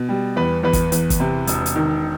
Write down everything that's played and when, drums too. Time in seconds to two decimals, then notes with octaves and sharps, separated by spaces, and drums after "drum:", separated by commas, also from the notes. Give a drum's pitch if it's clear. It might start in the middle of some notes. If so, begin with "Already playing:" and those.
Already playing: B2
0.09 G3
0.36 E2 B4
0.63 E2 B4
0.73 drum: kick, hi-hat
0.92 E2, drum: hi-hat
1.10 drum: kick, hi-hat
1.20 C3
1.47 E1, drum: hi-hat
1.66 drum: hi-hat
1.75 D#3